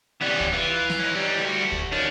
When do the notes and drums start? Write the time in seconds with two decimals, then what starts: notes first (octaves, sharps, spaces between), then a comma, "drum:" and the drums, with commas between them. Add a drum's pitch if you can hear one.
0.21 E3 G3 B3 C#4
0.40 drum: kick
0.54 E3 F4
0.90 drum: snare
1.00 C#4 D#4
1.15 G3
1.39 D2 F#4
1.72 drum: kick
1.92 D#3 C#4 D4